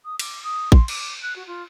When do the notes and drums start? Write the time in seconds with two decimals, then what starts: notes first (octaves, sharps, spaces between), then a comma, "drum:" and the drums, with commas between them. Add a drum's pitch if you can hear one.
0.04 D#6
0.19 D6, drum: cymbal
0.43 D#6
0.72 C6, drum: kick A1
0.88 D6, drum: cymbal
1.22 F#6
1.35 F#4
1.47 F4